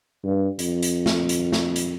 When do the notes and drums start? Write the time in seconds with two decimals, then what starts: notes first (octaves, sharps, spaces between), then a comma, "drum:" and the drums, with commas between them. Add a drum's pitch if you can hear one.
0.24 G2
0.59 F2, drum: hi-hat
0.83 drum: hi-hat
1.06 drum: snare
1.29 drum: hi-hat
1.52 drum: snare
1.76 drum: hi-hat